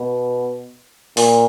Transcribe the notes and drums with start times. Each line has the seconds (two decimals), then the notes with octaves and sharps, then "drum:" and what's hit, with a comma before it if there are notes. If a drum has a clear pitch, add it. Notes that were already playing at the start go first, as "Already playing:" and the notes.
Already playing: B2
1.17 A#2, drum: open hi-hat